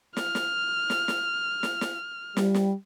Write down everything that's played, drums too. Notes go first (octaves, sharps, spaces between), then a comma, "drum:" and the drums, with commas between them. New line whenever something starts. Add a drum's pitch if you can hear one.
F6, drum: snare
drum: snare
drum: snare
drum: snare
drum: snare
drum: snare
G3, drum: snare
drum: snare